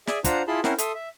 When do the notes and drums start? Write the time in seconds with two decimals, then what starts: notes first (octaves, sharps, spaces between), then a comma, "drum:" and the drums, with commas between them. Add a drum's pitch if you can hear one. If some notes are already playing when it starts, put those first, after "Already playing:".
0.07 G#4 D5 E5 G#5, drum: snare
0.24 D4 F4 C5 F#5 A#5, drum: kick, hi-hat
0.48 E4 F4 G#4 A5 B5 C6
0.64 C4 C#4 E4 A#4 C5 F#5, drum: snare
0.78 A4 E5 C6 D#6, drum: hi-hat
0.95 E5